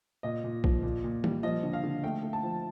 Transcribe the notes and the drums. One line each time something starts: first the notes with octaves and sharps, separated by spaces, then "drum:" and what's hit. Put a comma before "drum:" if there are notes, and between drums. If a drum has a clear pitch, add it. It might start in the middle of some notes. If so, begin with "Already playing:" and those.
A#2 D#5
A#2
F3, drum: kick
A#2
A#2
G3, drum: tom
F3 D#5
D3
F5
D3
A3 G5
A3
A5
F3